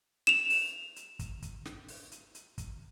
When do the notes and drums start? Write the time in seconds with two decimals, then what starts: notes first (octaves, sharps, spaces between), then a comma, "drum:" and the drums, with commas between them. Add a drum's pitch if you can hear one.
0.27 E7 F7, drum: snare
0.50 drum: open hi-hat
0.96 drum: hi-hat
1.19 drum: kick, hi-hat
1.42 drum: kick, hi-hat
1.65 drum: snare
1.89 drum: open hi-hat
2.12 drum: hi-hat
2.35 drum: hi-hat
2.58 drum: kick, hi-hat